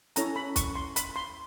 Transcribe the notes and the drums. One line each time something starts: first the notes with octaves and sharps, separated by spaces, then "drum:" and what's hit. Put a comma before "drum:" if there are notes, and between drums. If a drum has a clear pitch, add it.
C#4 E4 A4 C#5 A#5, drum: hi-hat
B5
C#6, drum: kick, hi-hat
C6
B5, drum: hi-hat
C6